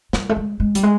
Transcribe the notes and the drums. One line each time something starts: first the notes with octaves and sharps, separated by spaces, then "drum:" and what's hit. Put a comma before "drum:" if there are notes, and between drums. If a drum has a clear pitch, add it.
G3, drum: snare
A3
G#3
G#3
G3, drum: hi-hat
G#3